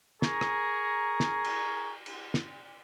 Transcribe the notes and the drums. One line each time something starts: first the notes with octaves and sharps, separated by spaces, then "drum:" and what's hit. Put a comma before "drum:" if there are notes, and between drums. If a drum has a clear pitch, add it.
G#4 A#4 A#5 C#6, drum: snare
drum: rim click
drum: snare
drum: cymbal
drum: cymbal
drum: snare